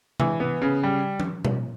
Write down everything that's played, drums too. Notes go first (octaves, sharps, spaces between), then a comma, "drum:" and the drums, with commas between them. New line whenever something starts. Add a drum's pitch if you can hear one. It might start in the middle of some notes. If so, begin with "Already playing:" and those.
E3, drum: tom
B3
C#3
G3
drum: tom F3
drum: tom B2